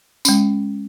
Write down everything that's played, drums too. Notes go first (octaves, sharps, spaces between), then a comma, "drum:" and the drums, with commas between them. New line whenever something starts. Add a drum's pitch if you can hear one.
G#3 C#4, drum: tambourine